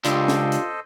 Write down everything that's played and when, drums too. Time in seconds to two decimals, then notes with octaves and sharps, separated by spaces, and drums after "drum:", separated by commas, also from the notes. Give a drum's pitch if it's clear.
0.05 C#2 D4 F4 G4 A4 C5 D#5, drum: hi-hat
0.28 drum: snare
0.52 drum: hi-hat